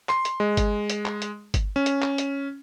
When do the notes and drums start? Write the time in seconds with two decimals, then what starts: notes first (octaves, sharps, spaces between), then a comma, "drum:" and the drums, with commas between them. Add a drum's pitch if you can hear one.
0.09 C6, drum: clap
0.25 drum: hi-hat
0.40 G#3
0.57 drum: kick G1, hi-hat
0.90 drum: hi-hat
1.06 drum: clap
1.22 drum: hi-hat
1.54 drum: kick G1, hi-hat
1.76 C#4
1.86 drum: hi-hat
2.02 drum: clap
2.18 drum: hi-hat